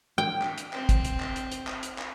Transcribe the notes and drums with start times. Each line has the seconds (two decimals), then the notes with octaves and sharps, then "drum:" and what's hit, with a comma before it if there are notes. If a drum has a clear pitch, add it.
0.18 G5
0.42 drum: clap
0.58 drum: hi-hat
0.73 C4, drum: clap
0.89 drum: kick, hi-hat
1.05 drum: hi-hat
1.20 drum: clap
1.36 drum: hi-hat
1.52 drum: hi-hat
1.67 drum: clap
1.83 drum: hi-hat
1.99 drum: clap